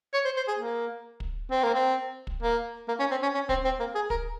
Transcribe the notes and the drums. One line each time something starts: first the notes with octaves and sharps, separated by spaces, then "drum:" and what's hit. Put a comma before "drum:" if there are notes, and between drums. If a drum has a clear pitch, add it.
C#5
C5
C5
G#4
A#3
drum: kick
C4
A#3
C4
drum: kick
A#3
A#3
C#4
C4
C#4
C#4
C4, drum: kick
C4
A#3
G#4
A#4, drum: kick